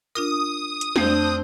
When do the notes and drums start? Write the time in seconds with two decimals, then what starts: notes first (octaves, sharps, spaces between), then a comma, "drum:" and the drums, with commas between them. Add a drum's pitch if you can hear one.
0.15 D4 F4 A#4 D#6
0.81 drum: hi-hat
0.96 F2 A3 C4 D4 C5 G6, drum: snare